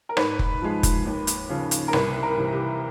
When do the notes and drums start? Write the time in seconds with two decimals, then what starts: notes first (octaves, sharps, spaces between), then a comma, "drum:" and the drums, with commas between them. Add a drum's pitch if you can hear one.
0.09 A#4
0.17 G#2 B4, drum: rim click
0.39 drum: kick F1
0.62 F3 G#3
0.83 drum: kick F1, hi-hat
1.05 D#2
1.27 drum: hi-hat
1.50 C#3 F3
1.71 drum: hi-hat
1.88 A#4
1.93 C2 B4, drum: rim click
2.23 A#4
2.37 C3 E3
2.52 G4